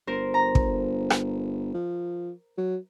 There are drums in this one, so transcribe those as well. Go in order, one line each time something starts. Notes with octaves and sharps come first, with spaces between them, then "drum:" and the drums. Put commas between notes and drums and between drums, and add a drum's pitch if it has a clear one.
G1 A#4 C5
A#5
drum: kick
drum: rim click
F3
F#3